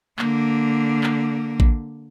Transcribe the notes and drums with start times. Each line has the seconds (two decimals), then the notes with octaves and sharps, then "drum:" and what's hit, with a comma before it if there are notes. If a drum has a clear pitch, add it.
0.19 D3 A#3, drum: clap
1.03 drum: clap
1.60 drum: kick A1